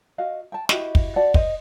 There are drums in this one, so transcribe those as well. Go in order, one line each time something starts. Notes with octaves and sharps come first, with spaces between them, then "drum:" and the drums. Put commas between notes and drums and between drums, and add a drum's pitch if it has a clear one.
F#4 D#5 F5
G5 A5
E4 F#4 G4 D#5, drum: snare
drum: kick
F#4 D5 F#5 A5
C5 D#5, drum: kick